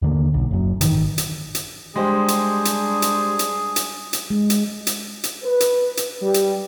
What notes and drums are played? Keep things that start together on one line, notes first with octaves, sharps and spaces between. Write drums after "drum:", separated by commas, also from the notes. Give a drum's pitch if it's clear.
D#2 D3 A#3
B1
F#1 F#2
G#1 D#3 E3, drum: hi-hat
drum: hi-hat
drum: hi-hat
G3 G#3 D4 G4 G#4 C5
drum: hi-hat
drum: hi-hat
drum: hi-hat
drum: hi-hat
drum: hi-hat
drum: hi-hat
G#3
drum: hi-hat
drum: hi-hat
drum: hi-hat
B4
drum: hi-hat
drum: hi-hat
G3
drum: hi-hat